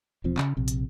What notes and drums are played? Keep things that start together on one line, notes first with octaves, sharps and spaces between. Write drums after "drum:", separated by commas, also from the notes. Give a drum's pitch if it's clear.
E1 E2 F3 C4
C#3, drum: clap
A#1 C3
drum: hi-hat